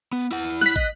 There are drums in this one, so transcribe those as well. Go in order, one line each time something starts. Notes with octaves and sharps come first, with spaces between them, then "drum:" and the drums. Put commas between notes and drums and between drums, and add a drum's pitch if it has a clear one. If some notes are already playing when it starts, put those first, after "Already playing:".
B3
E4 F#5
F#6 B6, drum: snare
D#5, drum: kick